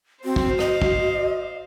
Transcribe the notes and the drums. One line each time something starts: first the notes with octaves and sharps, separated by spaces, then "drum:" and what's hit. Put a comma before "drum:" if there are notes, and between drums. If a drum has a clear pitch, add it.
C4 F#4 C5 F5
drum: kick
D#5, drum: rim click
drum: kick